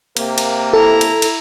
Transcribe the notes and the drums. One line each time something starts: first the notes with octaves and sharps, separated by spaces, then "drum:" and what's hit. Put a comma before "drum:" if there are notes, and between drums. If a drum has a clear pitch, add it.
C3 A#3, drum: cymbal
drum: cymbal
E4 A4 A#5
drum: cymbal
drum: cymbal